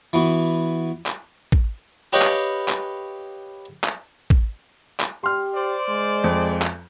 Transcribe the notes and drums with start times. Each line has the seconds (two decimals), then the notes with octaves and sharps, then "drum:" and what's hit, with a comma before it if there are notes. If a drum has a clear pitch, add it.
0.13 E3 B3 F#4
1.06 drum: clap
1.52 drum: kick
2.13 G4 B4 C#5 D#5 F5 G5
2.22 drum: clap
2.68 drum: clap
3.84 drum: clap
4.30 drum: kick
5.00 drum: clap
5.24 G4 C6 F6
5.55 C5 D5
5.89 G#3
6.24 F2
6.62 drum: clap